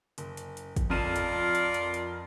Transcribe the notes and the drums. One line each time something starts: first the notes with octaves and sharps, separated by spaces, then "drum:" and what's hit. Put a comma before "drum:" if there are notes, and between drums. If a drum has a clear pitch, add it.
F#1, drum: hi-hat
drum: hi-hat
drum: hi-hat
drum: kick, hi-hat
F2 F4 A#4 D5 D#7 E7
drum: hi-hat
drum: hi-hat
drum: hi-hat
drum: hi-hat